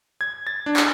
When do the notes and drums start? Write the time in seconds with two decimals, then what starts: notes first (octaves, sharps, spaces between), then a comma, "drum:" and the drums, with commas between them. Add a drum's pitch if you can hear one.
0.21 G#6
0.47 A6
0.66 D4
0.76 drum: clap